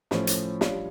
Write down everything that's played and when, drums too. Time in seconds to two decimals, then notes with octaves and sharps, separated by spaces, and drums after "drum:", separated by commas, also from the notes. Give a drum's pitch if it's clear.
0.11 A2 F3 C#4, drum: snare
0.27 drum: hi-hat
0.61 G3 D4 F4 C#5, drum: snare